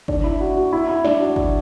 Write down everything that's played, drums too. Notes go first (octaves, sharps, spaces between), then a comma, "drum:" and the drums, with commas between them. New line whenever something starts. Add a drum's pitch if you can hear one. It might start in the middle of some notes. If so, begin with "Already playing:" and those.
D4, drum: kick
E4
F#4
F#4
E4
E4
D4, drum: snare
F#4
drum: kick